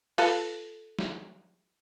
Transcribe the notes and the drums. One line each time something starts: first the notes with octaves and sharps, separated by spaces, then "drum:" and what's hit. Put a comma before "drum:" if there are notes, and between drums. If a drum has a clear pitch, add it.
F4 A4 B4, drum: open hi-hat
drum: snare